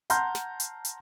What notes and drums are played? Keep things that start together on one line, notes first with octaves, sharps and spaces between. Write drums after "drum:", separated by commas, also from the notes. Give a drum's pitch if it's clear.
F#5 A5 A#5 C6 F6 G6, drum: hi-hat
drum: snare
drum: hi-hat
drum: hi-hat